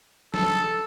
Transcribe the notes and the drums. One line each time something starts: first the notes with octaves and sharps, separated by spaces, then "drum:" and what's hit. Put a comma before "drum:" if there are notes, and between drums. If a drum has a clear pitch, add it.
A4, drum: snare